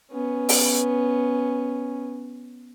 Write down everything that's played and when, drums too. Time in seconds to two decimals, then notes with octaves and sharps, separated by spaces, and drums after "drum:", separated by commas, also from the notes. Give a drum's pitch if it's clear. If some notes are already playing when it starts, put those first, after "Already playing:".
0.11 B3 C#4
0.49 drum: open hi-hat